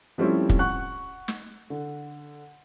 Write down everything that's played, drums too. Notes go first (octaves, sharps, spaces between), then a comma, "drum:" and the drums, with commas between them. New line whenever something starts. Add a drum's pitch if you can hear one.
F3 G3 A3 C4 C#4 E4
drum: kick
F#5 C#6 F#6
drum: snare
D3